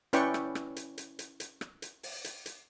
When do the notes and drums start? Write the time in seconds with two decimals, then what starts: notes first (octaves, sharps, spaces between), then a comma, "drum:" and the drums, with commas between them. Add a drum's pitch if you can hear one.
0.13 C#4 E4 B4 D5 G5 C#6, drum: hi-hat
0.34 drum: rim click
0.55 drum: rim click
0.76 drum: hi-hat
0.98 drum: hi-hat
1.19 drum: hi-hat
1.40 drum: hi-hat
1.61 drum: rim click
1.82 drum: hi-hat
2.03 drum: open hi-hat
2.24 drum: hi-hat
2.46 drum: hi-hat